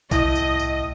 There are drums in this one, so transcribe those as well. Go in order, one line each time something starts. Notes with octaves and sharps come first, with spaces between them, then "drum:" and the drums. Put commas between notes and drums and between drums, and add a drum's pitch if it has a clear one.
C2 A2 D#5, drum: kick A#1, tambourine
drum: tambourine
drum: tambourine